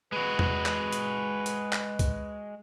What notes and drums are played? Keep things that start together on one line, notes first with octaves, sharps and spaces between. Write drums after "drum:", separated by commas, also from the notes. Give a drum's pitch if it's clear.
G#3 F#4 B4
drum: tom E2
drum: clap
drum: hi-hat
drum: hi-hat
drum: clap
drum: kick, hi-hat